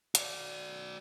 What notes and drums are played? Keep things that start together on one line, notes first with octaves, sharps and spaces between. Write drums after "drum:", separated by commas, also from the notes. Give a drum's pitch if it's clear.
F#4 D5, drum: hi-hat